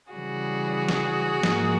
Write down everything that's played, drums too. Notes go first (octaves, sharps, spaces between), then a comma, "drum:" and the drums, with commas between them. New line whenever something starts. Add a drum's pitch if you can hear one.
C#3 E3 G3 F#4 G#4
drum: snare
G#2 F3 A#3, drum: snare